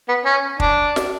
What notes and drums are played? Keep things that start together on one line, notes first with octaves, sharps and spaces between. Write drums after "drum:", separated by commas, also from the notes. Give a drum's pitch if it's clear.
B3
C#4
D4, drum: kick
drum: snare